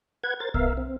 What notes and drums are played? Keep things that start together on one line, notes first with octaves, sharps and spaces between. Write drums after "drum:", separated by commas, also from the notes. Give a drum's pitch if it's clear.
B4 F#5 G#6
A#4 C5 A6
B3 A#4 E5 F5, drum: kick B1
C4